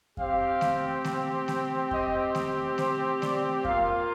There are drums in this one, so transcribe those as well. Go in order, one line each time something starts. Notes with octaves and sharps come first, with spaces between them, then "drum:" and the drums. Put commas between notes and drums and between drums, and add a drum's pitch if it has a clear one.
C4 G4 F5, drum: kick F2
drum: snare A3
drum: snare A3
drum: snare A3
D#5, drum: kick F2
drum: snare A3
C5, drum: snare A3
D5, drum: snare A3
A#3 F4 F5, drum: kick F2